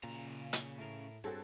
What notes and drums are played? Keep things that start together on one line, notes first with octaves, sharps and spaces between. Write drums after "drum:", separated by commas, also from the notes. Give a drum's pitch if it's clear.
A#2 C#3 A#5
drum: hi-hat
A2 A#4
G2 C4 C#4 F#4 G#4 A4